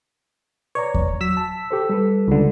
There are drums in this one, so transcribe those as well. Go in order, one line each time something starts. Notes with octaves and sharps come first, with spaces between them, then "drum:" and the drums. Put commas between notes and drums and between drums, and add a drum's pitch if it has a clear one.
B4 C#5 D5 A#5
drum: kick E2
F#3 E6 B6
A5
G4 A4 C5
G3 A4 B4
C#2 D3